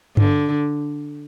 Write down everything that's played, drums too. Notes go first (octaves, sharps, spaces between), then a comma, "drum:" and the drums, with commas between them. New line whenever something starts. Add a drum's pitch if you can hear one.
D3, drum: tom G2